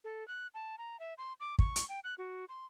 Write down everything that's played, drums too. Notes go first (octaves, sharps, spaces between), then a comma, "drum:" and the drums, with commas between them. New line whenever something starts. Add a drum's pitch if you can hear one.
A4
F#6
A5
A#5
E5
C6
D6
C#6, drum: kick
drum: hi-hat
G5
F#6
F#4
C6